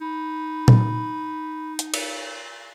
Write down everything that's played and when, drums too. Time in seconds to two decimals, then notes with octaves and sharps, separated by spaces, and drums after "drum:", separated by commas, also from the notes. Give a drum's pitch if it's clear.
0.01 D#4 B5
0.68 drum: tom A#2
1.79 drum: hi-hat
1.94 drum: cymbal